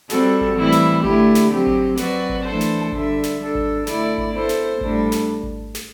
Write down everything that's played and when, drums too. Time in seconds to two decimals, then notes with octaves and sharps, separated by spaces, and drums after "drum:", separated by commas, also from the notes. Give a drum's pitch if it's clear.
0.10 G3 C4 F#4 A4, drum: snare
0.41 drum: kick G#1
0.57 A2 E3 G3 C4 E4
0.72 drum: snare
1.04 D3 A3 E4 G4, drum: kick G#1
1.35 drum: snare
1.51 F#3 C4 G4
1.67 drum: kick G#1
1.97 F#3 C4 F#4 B4 D5, drum: snare
2.29 drum: kick G#1
2.45 E3 A3 D4 A4 C5
2.61 drum: snare
2.92 D3 G3 D4 A4 E5, drum: kick G#1
3.23 drum: snare
3.39 G3 D4 A4
3.55 drum: kick G#1
3.87 D3 A3 E4 A4 D5, drum: snare
4.18 drum: kick G#1
4.33 B3 E4 A4 C5
4.49 drum: snare
4.81 A2 G3 D4 A4, drum: kick G#1
5.12 drum: snare
5.43 drum: kick G#1
5.75 drum: snare